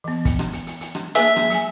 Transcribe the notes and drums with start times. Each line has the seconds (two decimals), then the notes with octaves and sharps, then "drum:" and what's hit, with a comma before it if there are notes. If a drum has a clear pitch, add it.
0.04 E3 B3
0.25 drum: kick, hi-hat
0.39 drum: rim click
0.53 drum: hi-hat
0.67 drum: hi-hat
0.81 drum: hi-hat
0.95 drum: rim click
1.15 A#3 G#4 E5 G#5
1.36 drum: rim click
1.50 F#3 G#5, drum: hi-hat